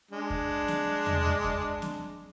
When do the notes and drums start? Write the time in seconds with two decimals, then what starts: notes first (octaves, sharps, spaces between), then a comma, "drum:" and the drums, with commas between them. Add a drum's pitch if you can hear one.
0.11 G#3 D4
0.30 drum: kick
0.68 drum: snare
1.06 drum: tom E2
1.44 drum: kick
1.82 drum: snare